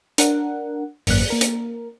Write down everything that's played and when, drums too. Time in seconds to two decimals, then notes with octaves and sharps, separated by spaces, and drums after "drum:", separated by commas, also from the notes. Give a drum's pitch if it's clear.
0.18 D4 A#4 F#5, drum: hi-hat
1.07 G#1 F#2 A#3 F#6, drum: open hi-hat
1.30 A#3 A#4
1.41 drum: hi-hat